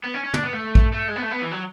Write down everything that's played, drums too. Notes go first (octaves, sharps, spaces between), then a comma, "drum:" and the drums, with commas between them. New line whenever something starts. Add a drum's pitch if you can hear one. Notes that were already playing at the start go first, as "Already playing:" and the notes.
B3
C#4
C#4
D4, drum: tom
B3
A3
drum: kick
A3
G#3
B3
A3
B3
E3
F#3